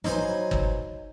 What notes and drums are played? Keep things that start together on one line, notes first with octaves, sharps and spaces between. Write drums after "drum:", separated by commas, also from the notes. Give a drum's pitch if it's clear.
F#3 D#4 B4 C5 G#5, drum: snare
drum: kick